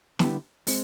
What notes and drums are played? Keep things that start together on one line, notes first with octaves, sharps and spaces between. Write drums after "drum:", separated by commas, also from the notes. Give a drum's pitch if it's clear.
D3 G3 B3 E4 G4, drum: snare
G#3 C4, drum: open hi-hat